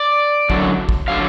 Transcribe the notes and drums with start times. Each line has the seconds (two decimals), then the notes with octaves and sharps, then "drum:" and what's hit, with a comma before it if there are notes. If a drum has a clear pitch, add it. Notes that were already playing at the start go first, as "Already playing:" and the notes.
Already playing: D5
0.50 F#2 D3 F#3, drum: kick
0.89 drum: kick
1.08 D3 F#3 F5